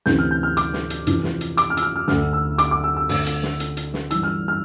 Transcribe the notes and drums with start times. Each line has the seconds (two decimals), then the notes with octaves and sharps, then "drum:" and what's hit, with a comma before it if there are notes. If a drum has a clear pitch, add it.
0.06 D2 C3 E3 G6, drum: snare
0.19 F6
0.31 G6
0.43 F6
0.57 D6, drum: hi-hat
0.73 drum: snare
0.90 drum: hi-hat
1.07 F2 C3 E3, drum: hi-hat
1.24 drum: snare
1.41 drum: hi-hat
1.57 D6, drum: hi-hat
1.70 F6
1.77 E6, drum: hi-hat
1.83 F6
1.96 F6
2.08 D2 D3 F6, drum: snare
2.33 E6
2.58 D6, drum: hi-hat
2.71 D6
2.84 E6
2.97 E6
3.09 D2 D3 E6, drum: open hi-hat
3.26 drum: hi-hat
3.43 drum: snare
3.60 drum: hi-hat
3.77 drum: hi-hat
3.94 drum: snare
4.11 G2 E3 E6, drum: hi-hat
4.23 F6
4.48 F6